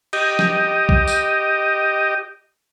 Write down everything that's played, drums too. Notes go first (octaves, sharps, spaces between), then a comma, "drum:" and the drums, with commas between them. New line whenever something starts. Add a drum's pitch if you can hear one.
G4 D#5, drum: cymbal
drum: snare
drum: kick A#1
drum: tambourine